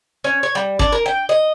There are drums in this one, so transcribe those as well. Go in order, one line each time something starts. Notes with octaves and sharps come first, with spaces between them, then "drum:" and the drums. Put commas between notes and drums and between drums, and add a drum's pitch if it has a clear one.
C#4
C#5
G3
D4, drum: kick G#1
A#4
G5
D#5